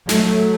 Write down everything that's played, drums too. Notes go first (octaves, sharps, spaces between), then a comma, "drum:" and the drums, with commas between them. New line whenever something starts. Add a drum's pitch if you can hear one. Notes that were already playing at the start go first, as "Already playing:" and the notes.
F#3 A3, drum: snare